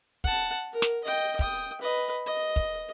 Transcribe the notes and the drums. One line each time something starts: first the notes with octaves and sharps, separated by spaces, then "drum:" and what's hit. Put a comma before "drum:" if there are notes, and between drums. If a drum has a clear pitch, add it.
F#5 A5, drum: kick
A#4
drum: snare
D#5 G5
G5 D#6, drum: kick
B4 D#5
D#5
drum: kick